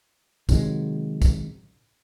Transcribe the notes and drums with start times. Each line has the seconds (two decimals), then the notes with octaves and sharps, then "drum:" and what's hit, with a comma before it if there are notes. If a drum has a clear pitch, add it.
0.49 C3 D#3 F#3 G#3, drum: kick, tambourine
1.22 drum: kick, tambourine